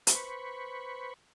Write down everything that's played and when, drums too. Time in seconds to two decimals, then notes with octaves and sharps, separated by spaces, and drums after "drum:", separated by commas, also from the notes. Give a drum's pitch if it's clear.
0.07 B4 C5 B5 C#6, drum: hi-hat